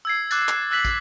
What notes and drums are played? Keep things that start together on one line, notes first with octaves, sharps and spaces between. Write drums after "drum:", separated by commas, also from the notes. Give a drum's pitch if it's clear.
E6 G#6 C7
D6 F#6 A6, drum: tambourine
drum: clap
E6 F#6 A6 B6 F#7
drum: kick, tambourine